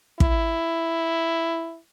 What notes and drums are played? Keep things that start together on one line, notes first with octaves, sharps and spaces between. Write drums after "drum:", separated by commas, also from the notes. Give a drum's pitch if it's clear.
E4, drum: kick